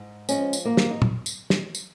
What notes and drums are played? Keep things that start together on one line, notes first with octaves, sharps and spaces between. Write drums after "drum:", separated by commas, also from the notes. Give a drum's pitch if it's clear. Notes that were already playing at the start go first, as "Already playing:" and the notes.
Already playing: G#2
F3 G#3 C#4, drum: tambourine
drum: tambourine
G#2 A#3
drum: snare
D#4
drum: tom
drum: tambourine
drum: snare
drum: tambourine